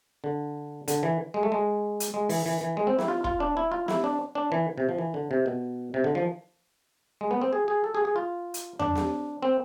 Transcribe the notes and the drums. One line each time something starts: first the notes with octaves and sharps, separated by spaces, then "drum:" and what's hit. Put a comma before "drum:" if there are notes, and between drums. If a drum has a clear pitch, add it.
D3
D3, drum: hi-hat
E3
G#3
A3
G#3
drum: hi-hat
G#3
E3, drum: open hi-hat
E3
E3
G#3
C4
E4, drum: snare
F4
F4, drum: kick
D4
E4
F4
E4, drum: snare
D4
D4
E3
C3
F3
E3
D3
C3
B2
C3
D3
F3
G#3
B3
C4
G#4
G#4
A4
G#4
G#4
F4
drum: hi-hat
D4, drum: tom E2
drum: snare
C4